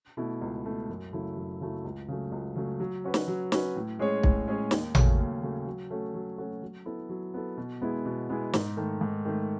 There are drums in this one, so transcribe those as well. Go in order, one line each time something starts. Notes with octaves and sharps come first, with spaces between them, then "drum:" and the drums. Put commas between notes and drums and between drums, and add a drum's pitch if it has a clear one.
B2 A3 E4
C#2
B2 A3 E4
F#2
C#3 F#3 A3 E4
F#2
C#3 F#3 A3 E4
C#2
C#3 F#3 A3
C#2
C#3 F#3 A3
F#3
C#4 F#4 B4
drum: snare
F#3
C#4 F#4 B4, drum: snare
A2
G#3 C#4 G#4 C#5
A2, drum: kick
G#3 C#4 G#4 C#5
D#2, drum: snare
C#3 F#3 A3 C#4, drum: tom A1
D#2
C#3 F#3 A3 C#4
F#3
A3 C#4 F#4 A4
F#3
A3 C#4 F#4 A4
F#3
B3 E4 A4
F#3
B3 E4 A4
B2
G#3 B3 E4 G#4
B2
G#3 B3 E4 G#4
G#2, drum: snare
D#3 A3
G#2
D#3 A3